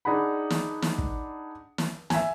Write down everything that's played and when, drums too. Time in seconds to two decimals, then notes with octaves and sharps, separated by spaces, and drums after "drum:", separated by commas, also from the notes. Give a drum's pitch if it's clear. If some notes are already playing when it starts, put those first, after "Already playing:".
0.05 D4 D#4 G#4 F#5 B5
0.50 drum: snare
0.82 drum: snare
0.98 drum: kick
1.78 drum: snare
2.10 E5 G#5, drum: snare